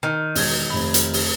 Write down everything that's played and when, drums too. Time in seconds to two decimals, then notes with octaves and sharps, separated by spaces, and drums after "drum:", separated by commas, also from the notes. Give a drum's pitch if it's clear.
0.03 D#3
0.35 E1 G#6, drum: open hi-hat
0.70 F1 B5
0.94 drum: hi-hat
1.14 drum: open hi-hat